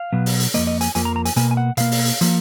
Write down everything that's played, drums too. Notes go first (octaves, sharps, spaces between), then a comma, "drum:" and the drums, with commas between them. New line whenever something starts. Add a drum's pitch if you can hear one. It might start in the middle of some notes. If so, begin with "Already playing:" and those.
Already playing: F5
B2 F#3 B3
drum: open hi-hat
drum: hi-hat
F2 F3 A#3 D#5, drum: hi-hat
D#5
G#5, drum: hi-hat
F2 F3 A#3 G#5, drum: hi-hat
A#5
A#5
G#5, drum: hi-hat
B2 A#3 G#5, drum: hi-hat
G#5
F#5
B2 A#3 F5, drum: hi-hat
drum: open hi-hat
drum: hi-hat
F3 A#3, drum: hi-hat